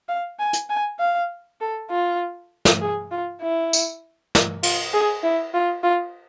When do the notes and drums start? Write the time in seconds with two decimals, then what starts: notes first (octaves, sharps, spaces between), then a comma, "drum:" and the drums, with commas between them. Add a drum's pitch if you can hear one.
0.08 F5
0.39 G#5
0.53 drum: hi-hat
0.70 G#5
0.99 F5
1.61 A4
1.91 F4
2.65 drum: snare
2.81 G#4
3.11 F4
3.41 E4
3.73 drum: tambourine
4.35 drum: snare
4.63 F4, drum: cymbal
4.93 G#4
5.23 E4
5.54 F4
5.83 F4